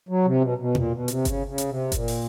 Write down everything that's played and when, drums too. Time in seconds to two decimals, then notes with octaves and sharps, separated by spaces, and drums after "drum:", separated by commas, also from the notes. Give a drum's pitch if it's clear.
0.09 F#3
0.25 C3
0.41 B2
0.58 B2
0.75 A#2, drum: tom B2
0.92 B2
1.08 C3, drum: hi-hat
1.25 C#3, drum: kick G1, hi-hat
1.47 C#3
1.58 drum: hi-hat
1.69 C3
1.92 A#2, drum: kick G1, hi-hat
2.08 drum: open hi-hat